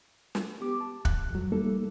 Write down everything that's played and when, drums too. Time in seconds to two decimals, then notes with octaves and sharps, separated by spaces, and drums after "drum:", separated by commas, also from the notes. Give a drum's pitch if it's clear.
0.35 drum: snare
0.60 B3 G4 D6
0.80 A5
1.05 F#6, drum: kick
1.30 F2 F#3
1.52 G3 A3 A#3 D#4 A4